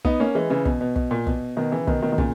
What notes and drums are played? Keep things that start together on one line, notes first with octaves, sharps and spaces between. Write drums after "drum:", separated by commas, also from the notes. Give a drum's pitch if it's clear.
B3 D#4, drum: kick
A#3 C#4
E3 G#3
C#3 E3
B2, drum: kick
B2
B2, drum: kick
A#2
B2, drum: kick
B2 D#3
C#3 E3
B2 D#3, drum: kick
B2 D#3
D#3
A#2 C#3, drum: kick